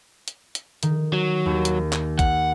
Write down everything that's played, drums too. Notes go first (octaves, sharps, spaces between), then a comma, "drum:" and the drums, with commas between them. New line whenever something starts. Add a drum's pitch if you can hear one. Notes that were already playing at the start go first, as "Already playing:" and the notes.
drum: hi-hat
drum: hi-hat
D#3, drum: hi-hat
F#3
D#2
drum: hi-hat
drum: clap
F#5, drum: kick, hi-hat